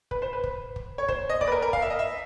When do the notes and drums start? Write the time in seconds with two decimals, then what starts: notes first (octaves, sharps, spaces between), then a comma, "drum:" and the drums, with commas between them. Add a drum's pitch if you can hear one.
0.11 B4, drum: kick
0.22 C5
0.33 B4
0.44 drum: kick
0.76 drum: kick
0.98 C#5
1.08 C5, drum: kick
1.29 D#5
1.41 D5, drum: kick
1.47 B4
1.52 A#4
1.62 A#4
1.73 F5, drum: kick
1.82 E5
1.90 D#5
1.99 E5